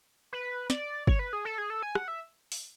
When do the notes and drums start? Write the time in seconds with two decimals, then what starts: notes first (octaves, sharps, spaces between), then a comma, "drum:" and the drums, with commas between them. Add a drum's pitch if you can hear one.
0.33 B4
0.70 D5, drum: snare
1.07 C#5, drum: kick
1.19 B4
1.33 G#4
1.45 A4
1.58 G#4
1.70 A4
1.83 G#5
1.95 F#5, drum: rim click
2.08 E5
2.52 drum: open hi-hat